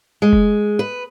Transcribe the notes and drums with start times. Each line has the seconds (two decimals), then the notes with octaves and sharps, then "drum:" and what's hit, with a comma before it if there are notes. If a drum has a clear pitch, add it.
0.22 G#3
0.33 drum: kick F1
0.79 B4